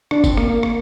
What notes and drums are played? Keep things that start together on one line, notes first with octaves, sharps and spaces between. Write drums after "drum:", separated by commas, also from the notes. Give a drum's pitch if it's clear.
D4, drum: rim click
C4, drum: kick, tambourine
A#3, drum: rim click
A#3
drum: rim click